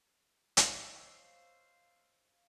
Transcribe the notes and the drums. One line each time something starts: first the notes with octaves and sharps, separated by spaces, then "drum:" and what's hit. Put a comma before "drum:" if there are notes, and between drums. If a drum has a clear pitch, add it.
C5 C#5 D#5 F5 F#5 E6 C7, drum: hi-hat